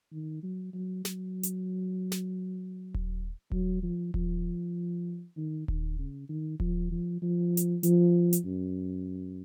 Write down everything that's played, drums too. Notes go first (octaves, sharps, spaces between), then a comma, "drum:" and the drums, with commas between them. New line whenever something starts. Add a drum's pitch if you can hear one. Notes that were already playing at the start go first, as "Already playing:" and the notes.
D#3
F#3
F#3
F#3, drum: snare
drum: hi-hat
drum: snare
drum: kick D#1
F#3, drum: kick D#1
F3
F3, drum: kick D#1
D#3
D#3, drum: kick D#1
C#3
D#3
F3, drum: kick D#1
F3
F3
drum: hi-hat
F3, drum: hi-hat
drum: hi-hat
F#2